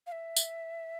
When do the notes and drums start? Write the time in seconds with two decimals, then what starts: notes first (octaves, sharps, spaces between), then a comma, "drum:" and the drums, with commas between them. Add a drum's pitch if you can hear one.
0.07 F5
0.12 E5
0.37 drum: tambourine